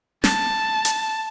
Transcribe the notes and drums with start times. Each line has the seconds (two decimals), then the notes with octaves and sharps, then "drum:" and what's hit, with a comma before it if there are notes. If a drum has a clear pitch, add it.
0.24 A5, drum: snare
0.85 drum: hi-hat